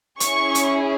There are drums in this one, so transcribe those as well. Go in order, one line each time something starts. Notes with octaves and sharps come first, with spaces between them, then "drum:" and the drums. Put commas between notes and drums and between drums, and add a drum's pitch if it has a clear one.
C#4 E4 G#4 C#6, drum: hi-hat
drum: hi-hat